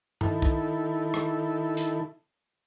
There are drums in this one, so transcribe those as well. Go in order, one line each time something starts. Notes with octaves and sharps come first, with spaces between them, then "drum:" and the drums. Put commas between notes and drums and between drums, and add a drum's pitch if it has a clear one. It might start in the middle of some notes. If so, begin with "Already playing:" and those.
D#3 E4 A4, drum: tom
drum: kick
drum: rim click
drum: hi-hat